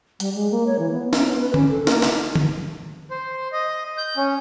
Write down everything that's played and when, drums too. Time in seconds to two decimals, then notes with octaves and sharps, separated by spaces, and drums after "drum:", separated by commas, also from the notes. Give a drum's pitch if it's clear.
0.20 G3, drum: hi-hat
0.35 G#3
0.51 A#3
0.66 C#5
0.79 E3
0.92 B3
1.13 C#4, drum: snare
1.26 B3
1.39 B4
1.54 C#4, drum: tom D3
1.71 A4
1.87 A#3, drum: snare
2.02 drum: snare
2.36 drum: tom D3
3.11 C5
3.53 D#5
3.98 G6
4.17 C#4